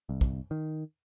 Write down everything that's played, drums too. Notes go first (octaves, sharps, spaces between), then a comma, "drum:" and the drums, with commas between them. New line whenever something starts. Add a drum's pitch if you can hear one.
C2
drum: kick
D#3